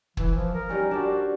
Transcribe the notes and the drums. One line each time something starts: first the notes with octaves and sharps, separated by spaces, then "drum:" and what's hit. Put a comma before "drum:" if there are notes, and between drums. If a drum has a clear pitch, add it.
E3, drum: kick
F3
A#4
D#3 G3 C#4
D4 F#4 G4 C5